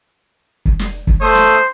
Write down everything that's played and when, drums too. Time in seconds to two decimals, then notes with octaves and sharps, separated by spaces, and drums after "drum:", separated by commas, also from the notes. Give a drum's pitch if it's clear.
0.65 drum: kick
0.79 drum: snare
1.07 drum: kick
1.21 A3 C5 D#6
1.35 drum: snare